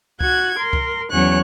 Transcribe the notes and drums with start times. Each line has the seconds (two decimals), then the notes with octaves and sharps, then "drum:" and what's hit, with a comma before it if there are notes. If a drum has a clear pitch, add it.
0.21 F#4 F#6 G#6, drum: kick C#2
0.58 A#4 C6
0.73 drum: kick C#2
1.11 E2 F#3 C#4 C#5 F#6